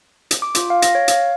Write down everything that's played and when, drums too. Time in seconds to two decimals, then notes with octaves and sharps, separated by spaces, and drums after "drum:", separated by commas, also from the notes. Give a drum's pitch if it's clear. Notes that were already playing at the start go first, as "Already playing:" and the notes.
0.31 drum: hi-hat
0.42 D6
0.55 F4, drum: hi-hat
0.70 F5
0.82 A#6, drum: hi-hat
0.95 C#5
1.08 F5, drum: hi-hat